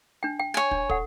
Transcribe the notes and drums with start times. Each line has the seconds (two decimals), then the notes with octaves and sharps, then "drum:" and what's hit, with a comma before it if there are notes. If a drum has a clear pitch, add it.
0.23 D4 G5
0.39 G5
0.54 C#5 G#5
0.71 D4, drum: kick
0.89 A4 F#5, drum: kick